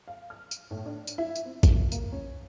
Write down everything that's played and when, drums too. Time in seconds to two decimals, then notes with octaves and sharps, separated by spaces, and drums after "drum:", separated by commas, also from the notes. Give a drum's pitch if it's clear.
0.08 F5
0.30 F6
0.51 drum: tambourine
0.71 A2
0.86 D4
1.07 drum: tambourine
1.18 E4
1.36 drum: tambourine
1.45 C4
1.63 E3, drum: kick, tambourine
1.92 A#3, drum: tambourine
2.12 C#4